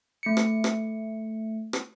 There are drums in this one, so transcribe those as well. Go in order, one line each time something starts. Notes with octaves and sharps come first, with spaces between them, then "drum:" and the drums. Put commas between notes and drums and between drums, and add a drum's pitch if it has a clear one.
A3 C#7
drum: rim click
drum: rim click
drum: rim click